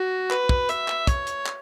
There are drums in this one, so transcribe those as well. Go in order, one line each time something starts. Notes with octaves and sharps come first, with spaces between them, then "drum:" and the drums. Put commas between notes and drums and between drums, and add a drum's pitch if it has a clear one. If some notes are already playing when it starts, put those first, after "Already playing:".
Already playing: F#4
B4, drum: clap
drum: kick
E5, drum: hi-hat
drum: clap
C#5, drum: kick, hi-hat
drum: hi-hat
drum: clap